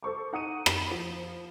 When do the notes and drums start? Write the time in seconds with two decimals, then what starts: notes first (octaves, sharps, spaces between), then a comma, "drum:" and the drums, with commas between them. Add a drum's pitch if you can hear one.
0.03 A4 C5 C#6 D6
0.33 D#4 F#5 D#6 C#7 D#7
0.66 B5, drum: rim click
0.91 F3